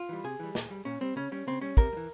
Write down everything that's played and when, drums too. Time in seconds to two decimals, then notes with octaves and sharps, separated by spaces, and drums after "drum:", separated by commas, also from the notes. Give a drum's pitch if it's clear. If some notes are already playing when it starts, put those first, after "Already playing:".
Already playing: F4
0.09 E3 G3
0.24 C3 G#4
0.40 E3 G3
0.55 A#2, drum: snare
0.70 G3
0.85 A#2 C#4
1.01 G3 C4
1.16 C#3 C#4
1.32 G3 C#4
1.47 C#3 C4
1.61 G3 C#4
1.77 C3 A#4, drum: kick
1.93 G3
1.97 E3